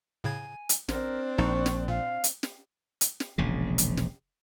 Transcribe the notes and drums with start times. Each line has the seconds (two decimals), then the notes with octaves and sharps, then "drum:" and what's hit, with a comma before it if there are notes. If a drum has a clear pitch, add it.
0.24 A2 C#3 G#5 G#6
0.69 drum: hi-hat
0.89 A1 C4 D4 A#4, drum: snare
1.38 A#1 D#4 C#6
1.66 drum: snare
1.88 A#2 F5
2.24 drum: hi-hat
2.43 drum: snare
3.01 drum: hi-hat
3.20 drum: snare
3.38 E1 A#1 C#3
3.78 drum: hi-hat
3.97 drum: snare